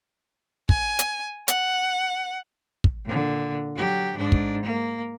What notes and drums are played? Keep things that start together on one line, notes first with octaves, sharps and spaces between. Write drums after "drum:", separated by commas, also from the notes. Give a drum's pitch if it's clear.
G#5, drum: kick
drum: hi-hat
F#5, drum: hi-hat
drum: kick
A#2 D3
F#3 G4
G#2 D4
drum: kick
A#3